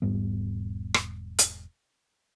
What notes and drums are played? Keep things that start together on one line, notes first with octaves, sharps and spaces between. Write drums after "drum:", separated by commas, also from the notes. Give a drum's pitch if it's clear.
E1 G#2 G3 B3
drum: rim click
drum: hi-hat